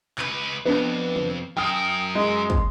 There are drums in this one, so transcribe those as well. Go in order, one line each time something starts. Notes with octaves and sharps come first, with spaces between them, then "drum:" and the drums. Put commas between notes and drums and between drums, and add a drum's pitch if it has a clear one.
C#2 B4, drum: clap
F2 B3 D4
drum: tom
F#2 A#4 G5 D#6 F6
G#3
drum: kick